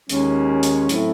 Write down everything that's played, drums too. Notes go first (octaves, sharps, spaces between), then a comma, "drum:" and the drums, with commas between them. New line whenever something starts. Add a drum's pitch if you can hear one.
D#2 D#3 G#3 C#4, drum: hi-hat
drum: hi-hat
A2 F#3 A3 C4 E4, drum: hi-hat